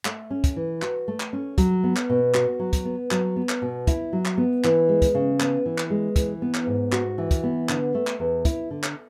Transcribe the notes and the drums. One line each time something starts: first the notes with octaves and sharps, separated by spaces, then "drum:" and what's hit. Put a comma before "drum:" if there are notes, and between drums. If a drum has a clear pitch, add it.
A3, drum: clap
C#4
drum: kick, hi-hat
E3
F#4, drum: clap
A3
drum: clap
C#4
F#3, drum: kick, hi-hat
B3
drum: clap
B2
F#4, drum: clap
F#3
drum: kick, hi-hat
B3
F#3, drum: clap
B3
drum: clap
B2
E4, drum: kick, hi-hat
F#3
drum: clap
B3
E3, drum: clap
G#3
drum: kick, hi-hat
C#3
B3, drum: clap
E3
drum: clap
G#3
E3, drum: kick, hi-hat
B3
drum: clap
G#2
F#4, drum: clap
E3
drum: kick, hi-hat
B3
D3, drum: clap
A3
drum: clap
E2
E4, drum: kick, hi-hat
D3
drum: clap